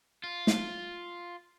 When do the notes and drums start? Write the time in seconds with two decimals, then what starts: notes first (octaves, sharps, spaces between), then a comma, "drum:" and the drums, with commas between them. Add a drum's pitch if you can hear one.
0.24 F4
0.47 drum: snare